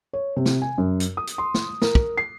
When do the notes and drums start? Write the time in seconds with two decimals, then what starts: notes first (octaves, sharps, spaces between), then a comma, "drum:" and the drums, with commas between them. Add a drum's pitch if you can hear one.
0.13 C#5
0.37 C3
0.46 drum: snare
0.62 G#5
0.78 F#2
1.00 drum: hi-hat
1.17 D#6
1.27 drum: hi-hat
1.38 C6
1.54 drum: snare
1.82 A#4, drum: snare
1.95 drum: kick
2.18 C7